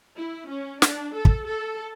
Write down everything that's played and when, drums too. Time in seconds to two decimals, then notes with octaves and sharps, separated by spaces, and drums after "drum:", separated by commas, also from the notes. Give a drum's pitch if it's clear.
0.17 E4
0.49 C#4
0.82 D4, drum: snare
1.15 A4
1.25 drum: kick
1.46 A4